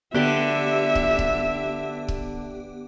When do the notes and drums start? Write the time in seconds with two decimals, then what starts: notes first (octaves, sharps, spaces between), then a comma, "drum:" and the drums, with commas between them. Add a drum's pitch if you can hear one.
0.14 D3 B3 G4 E5
0.95 drum: kick C#1
1.19 drum: kick C#1
2.08 drum: kick C#1